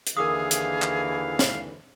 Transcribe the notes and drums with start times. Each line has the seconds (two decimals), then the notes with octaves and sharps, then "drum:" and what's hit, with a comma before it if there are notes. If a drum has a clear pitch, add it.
0.07 drum: hi-hat
0.17 D#2 D3 E3 G#4 A#4 F5 D6 D#6
0.51 drum: hi-hat
0.82 drum: clap
1.39 drum: snare